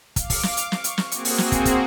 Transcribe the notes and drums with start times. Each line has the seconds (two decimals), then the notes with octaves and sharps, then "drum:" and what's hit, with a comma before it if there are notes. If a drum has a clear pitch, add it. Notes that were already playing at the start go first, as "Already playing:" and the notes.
0.16 F5 D6, drum: kick, hi-hat
0.30 drum: kick, open hi-hat
0.43 drum: snare
0.57 drum: hi-hat
0.72 C#6, drum: snare
0.84 drum: hi-hat
0.98 drum: snare
1.12 A#3 C4 F#4 G#4, drum: hi-hat
1.25 drum: open hi-hat
1.38 drum: snare
1.52 drum: kick, hi-hat
1.65 drum: kick, hi-hat